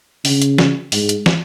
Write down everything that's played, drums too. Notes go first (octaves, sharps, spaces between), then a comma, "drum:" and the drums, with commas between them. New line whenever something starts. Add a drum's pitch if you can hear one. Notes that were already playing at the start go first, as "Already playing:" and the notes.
C#3, drum: open hi-hat
drum: hi-hat
drum: snare
G#2, drum: open hi-hat
drum: hi-hat
drum: snare